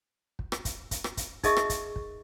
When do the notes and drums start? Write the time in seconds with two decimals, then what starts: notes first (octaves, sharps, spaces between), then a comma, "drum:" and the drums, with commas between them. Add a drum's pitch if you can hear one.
0.39 drum: kick
0.52 drum: rim click
0.65 drum: kick, hi-hat
0.91 drum: kick, hi-hat
1.04 drum: rim click
1.17 drum: kick, hi-hat
1.43 D#4 G#4 A#4 D#5 E5 C#6, drum: kick, hi-hat
1.57 drum: rim click
1.70 drum: kick, hi-hat
1.96 drum: kick